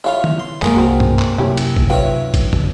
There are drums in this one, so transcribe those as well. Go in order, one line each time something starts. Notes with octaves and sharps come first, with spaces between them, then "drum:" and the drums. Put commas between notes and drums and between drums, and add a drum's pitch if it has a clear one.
E3 F4 C#5 E5 F5
drum: tom D#3
C6
F#2 G3 G#3 A#3 G#4, drum: clap
C2 C4 F#4
drum: tom G2
drum: clap
F#2 C3 C#4 E4 G4
drum: cymbal
drum: kick G#1
D#3 F4 B4 C#5 E5 G5
drum: kick G#1, cymbal
drum: tom